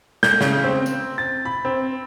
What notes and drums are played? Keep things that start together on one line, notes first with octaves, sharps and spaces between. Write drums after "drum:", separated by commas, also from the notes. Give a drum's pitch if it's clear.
G6, drum: snare
C#3, drum: snare
C4
drum: tambourine
A6
B5
C4